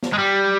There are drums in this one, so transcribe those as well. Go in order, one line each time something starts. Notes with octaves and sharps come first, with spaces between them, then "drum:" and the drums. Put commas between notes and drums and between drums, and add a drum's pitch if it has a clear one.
drum: snare
G#3
G3